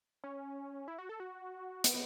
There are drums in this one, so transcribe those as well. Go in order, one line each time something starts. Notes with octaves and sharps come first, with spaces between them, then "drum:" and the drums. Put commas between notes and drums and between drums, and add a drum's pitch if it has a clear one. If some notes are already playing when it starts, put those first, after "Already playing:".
C#4
E4
F#4
A4
F#4
B3, drum: hi-hat